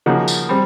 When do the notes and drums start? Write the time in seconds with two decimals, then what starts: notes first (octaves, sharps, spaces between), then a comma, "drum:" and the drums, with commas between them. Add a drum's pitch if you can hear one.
0.06 C#3 F3 A#3 D#4 F#4
0.28 drum: tambourine
0.49 G3 C4